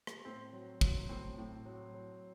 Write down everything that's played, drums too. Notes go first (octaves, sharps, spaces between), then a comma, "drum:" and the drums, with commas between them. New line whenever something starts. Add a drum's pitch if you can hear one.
drum: rim click
A2 C4
F#3
F#3, drum: kick
A2 C4
A2
F#3
F#3